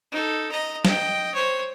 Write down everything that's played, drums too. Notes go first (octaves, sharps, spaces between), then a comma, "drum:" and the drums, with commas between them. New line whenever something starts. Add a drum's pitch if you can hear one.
D#4 A4
D#5 A#5
D#5 G5, drum: snare
C5 C#5